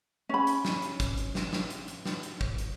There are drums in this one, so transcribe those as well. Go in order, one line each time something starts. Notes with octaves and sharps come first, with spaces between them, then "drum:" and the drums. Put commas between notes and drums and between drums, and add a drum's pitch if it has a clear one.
C#4 B5
drum: hi-hat
drum: snare
drum: hi-hat
drum: kick, hi-hat
drum: hi-hat
drum: snare
drum: snare
drum: hi-hat
drum: hi-hat
drum: snare
drum: hi-hat
drum: kick
drum: hi-hat